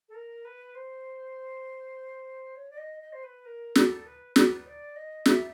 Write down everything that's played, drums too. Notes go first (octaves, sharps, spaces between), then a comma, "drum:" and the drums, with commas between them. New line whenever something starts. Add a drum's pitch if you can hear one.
A4
A#4
B4
C5
C#5
D5
D#5
D#5
C5
B4
A#4
A4, drum: snare
B4
B4, drum: snare
D5
D#5
E5, drum: snare